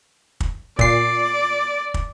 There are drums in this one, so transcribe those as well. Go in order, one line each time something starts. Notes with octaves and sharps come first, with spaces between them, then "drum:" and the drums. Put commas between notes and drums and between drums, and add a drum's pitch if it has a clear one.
drum: kick
A#2 D5 C7, drum: kick
drum: kick